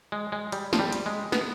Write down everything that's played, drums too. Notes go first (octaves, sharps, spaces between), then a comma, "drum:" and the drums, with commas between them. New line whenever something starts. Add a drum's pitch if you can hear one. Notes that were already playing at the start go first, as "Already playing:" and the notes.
G#3
G#3
G3, drum: hi-hat
F3, drum: snare
G3
drum: hi-hat
G#3
B3, drum: snare